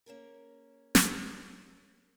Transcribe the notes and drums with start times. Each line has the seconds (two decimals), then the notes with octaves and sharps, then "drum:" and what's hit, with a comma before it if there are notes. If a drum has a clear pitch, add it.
0.06 A#3 C#4 G#4 A#4
0.95 drum: snare